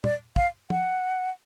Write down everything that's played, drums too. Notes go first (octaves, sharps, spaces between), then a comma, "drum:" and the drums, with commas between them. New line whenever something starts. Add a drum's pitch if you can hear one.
D5, drum: tom
F5, drum: kick
F#5, drum: tom